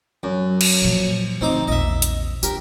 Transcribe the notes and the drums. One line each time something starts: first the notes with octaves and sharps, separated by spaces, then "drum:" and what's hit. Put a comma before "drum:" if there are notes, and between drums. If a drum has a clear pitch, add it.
F#2
drum: cymbal
A#2 F3
D3 A3 C4 D#4 D6
A#1 E2 D#5 E5
drum: hi-hat
D4 G4 A#4, drum: tambourine